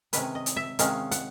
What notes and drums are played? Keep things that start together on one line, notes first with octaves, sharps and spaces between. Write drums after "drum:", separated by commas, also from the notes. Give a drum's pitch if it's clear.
C3 D#3 G#3 C#4 B4, drum: hi-hat
D#5
drum: hi-hat
E5
C3 D#3 G#3 C#4 F5, drum: hi-hat
F#5, drum: hi-hat